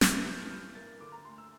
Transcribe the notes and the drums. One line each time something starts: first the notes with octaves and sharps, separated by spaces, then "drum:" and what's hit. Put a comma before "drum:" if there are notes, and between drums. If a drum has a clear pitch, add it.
E3 A6, drum: snare
G2 G6
F6
G2 G6
A#3 A6
D3 D6
A#5
D2 C6
E6